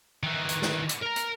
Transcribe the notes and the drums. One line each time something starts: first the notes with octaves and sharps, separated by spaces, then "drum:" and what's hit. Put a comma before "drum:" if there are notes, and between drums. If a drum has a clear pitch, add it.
D#3 E3
drum: hi-hat
drum: snare
drum: hi-hat
A#4 A#5
drum: hi-hat